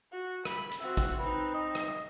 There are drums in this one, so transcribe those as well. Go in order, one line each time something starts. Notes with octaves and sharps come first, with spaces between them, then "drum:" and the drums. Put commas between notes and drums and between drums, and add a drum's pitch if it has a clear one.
F#4
B5, drum: rim click
drum: hi-hat
C4 F#4 E5
drum: kick A1, hi-hat
C4 D#4 B4
D#5
drum: rim click